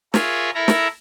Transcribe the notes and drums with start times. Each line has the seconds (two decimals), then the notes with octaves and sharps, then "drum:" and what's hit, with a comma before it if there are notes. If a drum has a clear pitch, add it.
0.14 F4 G#4 A#4 C#5 E5, drum: snare
0.55 E4 A4 A#4 E5 A#5
0.68 drum: snare